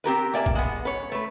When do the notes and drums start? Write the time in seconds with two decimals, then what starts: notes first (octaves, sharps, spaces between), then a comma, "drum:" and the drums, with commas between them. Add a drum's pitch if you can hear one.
0.04 C4 G4 A#4 B4
0.34 A#3 D5 E5 G#5
0.46 drum: kick
0.55 G#3 B3
0.85 B4 C#5
1.12 A3 B4